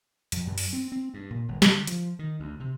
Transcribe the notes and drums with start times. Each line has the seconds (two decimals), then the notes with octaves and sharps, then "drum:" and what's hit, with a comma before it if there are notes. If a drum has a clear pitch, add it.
0.32 F2, drum: hi-hat
0.47 F#2
0.58 drum: open hi-hat
0.73 C4
0.92 C4
1.14 G2
1.30 A#2
1.49 G1
1.62 D3, drum: snare
1.87 F3, drum: hi-hat
2.19 D#3
2.40 D2
2.60 C3